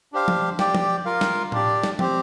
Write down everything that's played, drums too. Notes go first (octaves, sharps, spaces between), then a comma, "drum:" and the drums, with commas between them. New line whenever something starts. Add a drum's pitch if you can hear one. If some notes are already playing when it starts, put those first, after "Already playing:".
D4 G4 C5 F5
drum: tom F3
G4 D5 G5, drum: snare
drum: tom F3
F4 A#4 F5
drum: snare
D4 G4 D5, drum: tom A2
drum: snare
C4 G4 C5, drum: tom F3